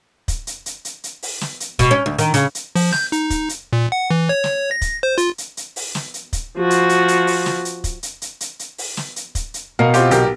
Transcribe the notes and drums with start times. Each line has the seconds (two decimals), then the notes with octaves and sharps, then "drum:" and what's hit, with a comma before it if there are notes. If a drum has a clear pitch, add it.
0.28 drum: kick, hi-hat
0.47 drum: hi-hat
0.66 drum: hi-hat
0.85 drum: hi-hat
1.04 drum: hi-hat
1.22 drum: open hi-hat
1.41 drum: snare
1.60 drum: hi-hat
1.79 B2, drum: kick, hi-hat
1.91 C#4
2.06 D2
2.18 D#3, drum: hi-hat
2.34 C#3, drum: hi-hat
2.55 drum: hi-hat
2.76 F3, drum: open hi-hat
2.93 G6, drum: snare
3.12 D#4, drum: hi-hat
3.30 drum: kick, hi-hat
3.49 drum: hi-hat
3.73 A#2
3.92 F#5
4.11 E3
4.29 C#5
4.44 drum: snare
4.71 A#6
4.82 drum: kick, hi-hat
5.03 C5
5.18 F4, drum: hi-hat
5.38 drum: hi-hat
5.57 drum: hi-hat
5.76 drum: open hi-hat
5.95 drum: snare
6.14 drum: hi-hat
6.33 drum: kick, hi-hat
6.58 F3 F#4
6.70 drum: hi-hat
6.89 drum: hi-hat
7.08 drum: hi-hat
7.27 drum: open hi-hat
7.46 drum: snare
7.65 drum: hi-hat
7.84 drum: kick, hi-hat
8.03 drum: hi-hat
8.22 drum: hi-hat
8.41 drum: hi-hat
8.59 drum: hi-hat
8.78 drum: open hi-hat
8.97 drum: snare
9.16 drum: hi-hat
9.35 drum: kick, hi-hat
9.54 drum: hi-hat
9.79 B2 A#4 F5
9.94 C4 F4 G4, drum: hi-hat
10.11 B1 G4 A#4, drum: hi-hat